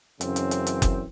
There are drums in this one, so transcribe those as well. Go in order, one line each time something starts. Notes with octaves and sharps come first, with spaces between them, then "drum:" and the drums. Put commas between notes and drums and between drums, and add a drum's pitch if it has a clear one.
F#2 C#3 E3 C4, drum: hi-hat
drum: hi-hat
drum: hi-hat
drum: hi-hat
drum: kick F#1, hi-hat